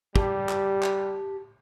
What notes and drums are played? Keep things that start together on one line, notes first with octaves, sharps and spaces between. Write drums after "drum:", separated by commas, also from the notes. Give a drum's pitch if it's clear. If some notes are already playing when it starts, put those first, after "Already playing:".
G3 G4 A5, drum: kick
drum: clap
drum: clap